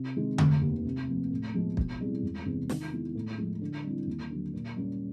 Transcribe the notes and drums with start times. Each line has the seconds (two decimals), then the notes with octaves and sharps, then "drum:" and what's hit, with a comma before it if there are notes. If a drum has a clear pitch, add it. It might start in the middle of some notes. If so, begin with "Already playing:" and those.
Already playing: C3
0.16 D#3 G#3 C4
0.38 F1, drum: tom D3
0.62 D#2 D#3
0.85 C3
1.08 F3 A#3
1.31 A2
1.54 F3 G#3 B3
1.77 B2, drum: kick
2.00 G3 C4 E4 G#4
2.23 E1
2.46 E2 C3
2.69 D#3, drum: snare
2.92 G#3 B3 E4
3.15 A2
3.38 F3 G#3
3.61 D3
3.84 G3 C4 E4
4.07 D#2
4.30 D3 F#3
4.53 A#2
4.76 G3 A#3 C#4